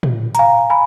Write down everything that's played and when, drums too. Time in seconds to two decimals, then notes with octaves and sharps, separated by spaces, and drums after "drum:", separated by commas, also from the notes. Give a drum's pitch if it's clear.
0.03 drum: tom
0.35 A#5, drum: hi-hat
0.39 F5 G#5
0.70 G#5 B5